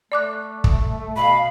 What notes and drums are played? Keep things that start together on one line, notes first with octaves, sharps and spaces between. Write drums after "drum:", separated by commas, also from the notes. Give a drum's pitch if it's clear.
A3 D5 D6 F#6
drum: kick
B2 F5 B5